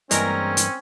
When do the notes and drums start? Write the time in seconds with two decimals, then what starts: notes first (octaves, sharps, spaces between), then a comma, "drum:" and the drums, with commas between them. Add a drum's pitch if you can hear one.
0.11 G2 E3 G#3 A#3 C4 C#4 A#4 A#6, drum: hi-hat
0.57 drum: hi-hat